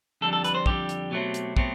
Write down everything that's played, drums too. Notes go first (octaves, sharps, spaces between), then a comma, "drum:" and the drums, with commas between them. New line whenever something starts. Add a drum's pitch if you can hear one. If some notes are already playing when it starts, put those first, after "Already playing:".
F2 D3 G3 A4
A4
B4, drum: hi-hat
C5
F2 D3 G3 G4, drum: kick
drum: hi-hat
B2 F#3 A3 C4
drum: hi-hat
B2 F#3 A3 C4, drum: kick